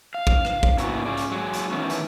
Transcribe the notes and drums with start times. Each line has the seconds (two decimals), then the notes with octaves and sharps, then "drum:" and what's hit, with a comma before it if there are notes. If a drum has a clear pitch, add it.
0.14 F5
0.27 drum: kick
0.45 drum: rim click
0.63 drum: kick
0.78 F3 A#3 B3 C#4 E4 F#4, drum: hi-hat
1.05 C#4 F4 G#4 D5
1.17 drum: hi-hat
1.31 F#3 G#3
1.53 drum: hi-hat
1.72 A2 D#3 E3 B3 C#4
1.90 drum: hi-hat